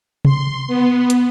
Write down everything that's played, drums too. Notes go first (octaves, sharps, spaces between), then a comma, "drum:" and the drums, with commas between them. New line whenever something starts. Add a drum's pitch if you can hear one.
C6, drum: tom C3
B3
drum: hi-hat